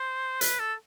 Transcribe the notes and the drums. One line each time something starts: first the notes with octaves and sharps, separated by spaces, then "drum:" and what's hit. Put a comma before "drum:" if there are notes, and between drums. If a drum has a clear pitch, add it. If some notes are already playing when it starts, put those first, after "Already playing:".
Already playing: C5
B4, drum: hi-hat
A4